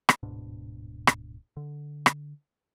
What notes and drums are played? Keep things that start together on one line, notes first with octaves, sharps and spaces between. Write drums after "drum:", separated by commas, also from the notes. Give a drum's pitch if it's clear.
drum: rim click
D1 G#2 B2 D4
drum: rim click
D3
drum: rim click